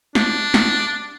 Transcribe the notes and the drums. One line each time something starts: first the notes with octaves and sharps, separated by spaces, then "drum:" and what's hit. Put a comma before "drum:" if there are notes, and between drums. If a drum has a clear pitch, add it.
D4, drum: snare
drum: snare